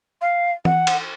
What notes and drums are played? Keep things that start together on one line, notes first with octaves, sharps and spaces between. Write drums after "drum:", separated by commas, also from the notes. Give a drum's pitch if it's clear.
F5
F#5, drum: tom E3
drum: cymbal